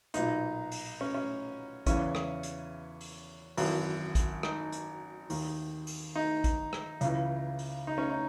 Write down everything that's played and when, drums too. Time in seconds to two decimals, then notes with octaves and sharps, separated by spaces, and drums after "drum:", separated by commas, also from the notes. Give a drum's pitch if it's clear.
0.14 B1 A#2 D#4, drum: hi-hat
0.72 drum: open hi-hat
1.01 C#4
1.15 C#4
1.86 E2 C#3 E3 C#4, drum: kick, hi-hat
2.15 drum: rim click
2.43 drum: hi-hat
3.01 drum: open hi-hat
3.57 G#1 F#2 E3, drum: open hi-hat
4.15 drum: kick, hi-hat
4.43 D#4, drum: rim click
4.72 drum: hi-hat
5.30 D#2 D#3, drum: open hi-hat
5.87 drum: open hi-hat
6.16 D#4
6.44 drum: kick, hi-hat
6.73 drum: rim click
7.01 C#2 C#3 E3, drum: hi-hat
7.59 drum: open hi-hat
7.87 D#4
7.98 C#4
8.09 D#4